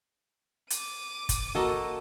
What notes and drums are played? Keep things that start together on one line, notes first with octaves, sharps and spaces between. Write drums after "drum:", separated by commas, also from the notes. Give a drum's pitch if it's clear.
D6 D#7, drum: hi-hat
drum: kick, hi-hat
A#3 F#4 A4 D#5 A#5